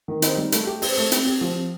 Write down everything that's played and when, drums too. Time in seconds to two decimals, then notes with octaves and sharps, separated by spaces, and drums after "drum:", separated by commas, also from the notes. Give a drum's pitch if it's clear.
0.08 D#3
0.22 C4 D#4, drum: hi-hat
0.37 G3
0.52 A3, drum: hi-hat
0.67 G4
0.82 C4, drum: open hi-hat
0.97 A3
1.12 C4 G4, drum: hi-hat
1.27 G4
1.41 F3